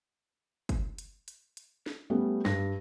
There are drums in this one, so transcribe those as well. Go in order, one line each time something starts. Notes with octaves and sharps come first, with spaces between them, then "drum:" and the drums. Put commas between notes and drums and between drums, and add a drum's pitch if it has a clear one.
drum: kick, hi-hat
drum: hi-hat
drum: hi-hat
drum: hi-hat
drum: snare
G3 A3 B3 C#4
G2 A#6, drum: snare